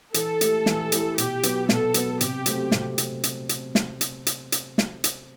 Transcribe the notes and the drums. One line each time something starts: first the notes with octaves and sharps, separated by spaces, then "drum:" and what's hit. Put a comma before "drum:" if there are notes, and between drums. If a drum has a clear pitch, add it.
E3 A4, drum: hi-hat
A3 E4 G4, drum: hi-hat
E3, drum: snare
A3 E4 G4, drum: hi-hat
B2 G4, drum: hi-hat
F#3 B3, drum: hi-hat
B2 A4, drum: snare
F#3 B3, drum: hi-hat
C3 G4, drum: hi-hat
F#3 A3 C4 F#4, drum: hi-hat
C3, drum: snare
drum: hi-hat
drum: hi-hat
drum: hi-hat
drum: snare
drum: hi-hat
drum: hi-hat
drum: hi-hat
drum: snare
drum: hi-hat